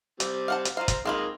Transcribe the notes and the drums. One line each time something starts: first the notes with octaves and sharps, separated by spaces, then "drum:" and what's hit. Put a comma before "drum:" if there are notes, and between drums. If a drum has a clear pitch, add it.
G3 C4, drum: hi-hat
F5 F#5 A5
drum: hi-hat
F4 C5 F5 A#5
drum: kick, hi-hat
G#3 A#3 C4 D#4 F4 B5